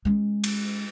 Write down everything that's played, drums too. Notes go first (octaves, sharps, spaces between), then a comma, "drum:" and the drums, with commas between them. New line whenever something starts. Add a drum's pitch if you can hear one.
G#3 C#4
drum: cymbal